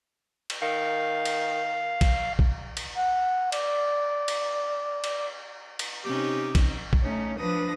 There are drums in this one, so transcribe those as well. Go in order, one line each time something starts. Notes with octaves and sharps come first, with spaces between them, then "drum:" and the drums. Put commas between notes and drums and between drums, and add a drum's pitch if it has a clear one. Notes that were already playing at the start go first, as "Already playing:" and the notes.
drum: cymbal
D#3 F5
drum: cymbal
drum: kick A#1, cymbal
drum: kick A#1
drum: cymbal
F#5
D5, drum: cymbal
drum: cymbal
drum: cymbal
drum: cymbal
C3 C#4 D#4 G4
drum: kick A#1, cymbal
drum: kick A#1
A3 C#4 D#4
F3 D4 B4 D#6 A#6